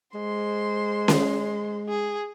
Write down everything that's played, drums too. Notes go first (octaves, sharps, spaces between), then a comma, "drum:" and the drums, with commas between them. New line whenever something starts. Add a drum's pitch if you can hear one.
G#3 C5 C6
drum: snare C#4
G#4